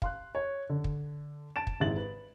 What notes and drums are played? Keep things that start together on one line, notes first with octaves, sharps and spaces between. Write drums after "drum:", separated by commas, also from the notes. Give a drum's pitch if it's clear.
F5 C6 F#6, drum: kick
C#5
D3
drum: kick
A5 A6 D7 E7
drum: kick
G#1 G#2 E4 A6 F#7
B4